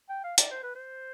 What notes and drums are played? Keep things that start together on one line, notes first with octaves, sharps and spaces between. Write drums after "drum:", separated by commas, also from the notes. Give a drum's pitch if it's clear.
G5
F5
D5, drum: hi-hat
C5
B4
C5